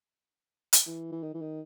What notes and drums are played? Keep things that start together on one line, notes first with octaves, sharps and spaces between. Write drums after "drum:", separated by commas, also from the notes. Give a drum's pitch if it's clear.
drum: hi-hat
E3
E3
D#3
E3
D#3